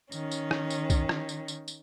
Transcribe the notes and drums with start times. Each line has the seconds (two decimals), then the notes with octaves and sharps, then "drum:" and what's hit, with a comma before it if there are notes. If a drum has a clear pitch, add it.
0.12 D#3 C#4, drum: tambourine
0.31 drum: tambourine
0.51 drum: rim click
0.70 drum: tambourine
0.90 drum: kick, tambourine
1.09 drum: rim click
1.29 drum: tambourine
1.48 drum: tambourine
1.68 drum: tambourine